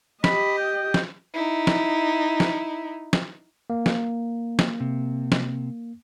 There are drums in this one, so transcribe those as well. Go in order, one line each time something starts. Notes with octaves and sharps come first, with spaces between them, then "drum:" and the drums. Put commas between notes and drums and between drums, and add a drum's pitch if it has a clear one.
G4 D#5 B5, drum: snare
G5
drum: snare
D#4 E4
drum: snare
drum: snare
drum: snare
A#3
drum: snare
drum: snare
C3
drum: snare